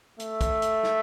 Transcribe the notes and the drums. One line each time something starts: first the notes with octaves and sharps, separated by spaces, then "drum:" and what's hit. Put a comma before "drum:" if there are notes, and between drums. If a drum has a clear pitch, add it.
A3, drum: hi-hat
drum: kick, hi-hat
drum: hi-hat
drum: snare